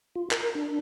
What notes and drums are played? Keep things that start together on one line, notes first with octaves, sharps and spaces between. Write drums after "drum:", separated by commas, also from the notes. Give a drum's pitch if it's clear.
F4
A#4, drum: clap
D4